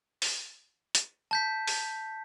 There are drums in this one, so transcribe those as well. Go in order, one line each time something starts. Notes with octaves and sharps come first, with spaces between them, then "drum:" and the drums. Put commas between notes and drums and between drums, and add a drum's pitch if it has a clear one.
drum: open hi-hat
drum: hi-hat
A5 G6 B6
drum: open hi-hat